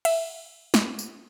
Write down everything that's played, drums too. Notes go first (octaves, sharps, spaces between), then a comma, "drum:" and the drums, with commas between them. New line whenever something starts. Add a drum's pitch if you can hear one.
E5, drum: cymbal
drum: snare
drum: tambourine